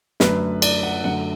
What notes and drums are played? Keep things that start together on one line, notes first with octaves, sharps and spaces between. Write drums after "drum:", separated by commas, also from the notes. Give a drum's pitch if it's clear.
F#2 D3 A3 B4, drum: snare
D5, drum: cymbal
F#5
F#2 D3 A3 F#5